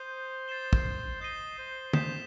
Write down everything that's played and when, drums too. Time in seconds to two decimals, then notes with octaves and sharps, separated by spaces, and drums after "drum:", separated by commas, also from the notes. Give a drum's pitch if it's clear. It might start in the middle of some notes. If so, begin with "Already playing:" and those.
Already playing: C5 D#6 G6 D#7 G7
0.48 A6 C7 E7 G7
0.73 drum: kick
1.21 D#5 G6 C7 D#7 G7
1.58 C5
1.93 C5 D#6 G6 B6 E7, drum: tom